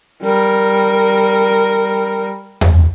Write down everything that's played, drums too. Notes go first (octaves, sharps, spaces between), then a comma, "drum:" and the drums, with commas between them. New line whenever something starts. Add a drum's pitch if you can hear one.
G3 A#4
drum: tom E2